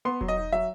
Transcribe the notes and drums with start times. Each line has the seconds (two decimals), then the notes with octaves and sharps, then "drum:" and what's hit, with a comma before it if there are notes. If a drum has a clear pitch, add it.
0.05 B3 C6
0.21 F#3, drum: kick E1
0.28 D#5
0.36 D#4
0.52 F#3 E5